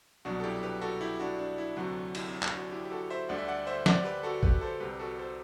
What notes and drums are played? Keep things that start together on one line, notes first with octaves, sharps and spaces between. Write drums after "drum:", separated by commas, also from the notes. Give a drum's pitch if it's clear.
C2 B2 F#3 D4 F#4
A4
E4 G4
G4 B4
F#4 A4
E4 G4
D4 F#4
D4
E4
D2 C3 F#3 D4 F#4
E4 G4, drum: cymbal
drum: clap
D4 F#4
E4 G4
G4
F#4 A4
C5 E5
D2 D3 G3 D5 F#5
E5
D5 F#5
C5 E5
D5 F#5, drum: snare
G4 B4
F#4 A4
G4 B4, drum: kick
A4 C5
C2 C3 G3 G4 B4
F#4 A4
A4 C5